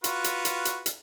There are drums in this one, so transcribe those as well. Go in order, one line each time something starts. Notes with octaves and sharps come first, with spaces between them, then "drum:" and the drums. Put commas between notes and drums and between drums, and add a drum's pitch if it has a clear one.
F4 F#4 B4, drum: hi-hat
drum: hi-hat
drum: hi-hat
drum: hi-hat
drum: hi-hat